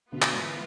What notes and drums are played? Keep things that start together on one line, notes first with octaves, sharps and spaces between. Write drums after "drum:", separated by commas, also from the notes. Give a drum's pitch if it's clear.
B2 D3 E3 B3 F4 B4
drum: clap
G#2